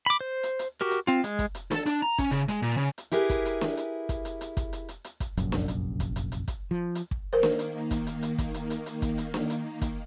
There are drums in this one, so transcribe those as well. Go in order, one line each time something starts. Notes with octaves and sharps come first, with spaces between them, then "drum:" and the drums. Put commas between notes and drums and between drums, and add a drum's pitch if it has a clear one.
B5 D6
C5
drum: hi-hat
drum: hi-hat
F#4 G4 A#4
drum: hi-hat
C4 F4, drum: hi-hat
G#3, drum: hi-hat
drum: kick, hi-hat
drum: hi-hat
A4, drum: snare
D4, drum: hi-hat
A#5
C#4, drum: kick, hi-hat
C#3, drum: hi-hat
G#3, drum: hi-hat
A#2
C#3
drum: hi-hat
E4 G4 G#4 A#4 B4, drum: hi-hat
drum: kick, hi-hat
drum: hi-hat
drum: snare
drum: hi-hat
drum: kick, hi-hat
drum: hi-hat
drum: hi-hat
drum: kick, hi-hat
drum: hi-hat
drum: hi-hat
drum: hi-hat
drum: kick, hi-hat
F1 A#1 F#2, drum: hi-hat
drum: snare
drum: hi-hat
drum: kick, hi-hat
drum: hi-hat
drum: hi-hat
drum: kick, hi-hat
F3
drum: hi-hat
drum: kick
D#3 A#3 A#4 C5
drum: snare
drum: hi-hat
drum: kick, hi-hat
drum: hi-hat
drum: hi-hat
drum: kick, hi-hat
drum: hi-hat
drum: hi-hat
drum: hi-hat
drum: kick, hi-hat
drum: hi-hat
drum: snare
drum: hi-hat
drum: kick, hi-hat